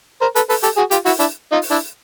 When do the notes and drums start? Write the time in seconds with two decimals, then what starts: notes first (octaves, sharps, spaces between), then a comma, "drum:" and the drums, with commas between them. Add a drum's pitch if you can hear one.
0.21 A#4 C5
0.36 A4 B4, drum: hi-hat
0.49 A4 B4, drum: open hi-hat
0.63 G4 A4, drum: hi-hat
0.77 F#4 G#4
0.91 F4 G4, drum: hi-hat
1.05 E4 F#4, drum: open hi-hat
1.19 D4 E4, drum: hi-hat
1.52 D#4 F4
1.62 drum: open hi-hat
1.71 D4 E4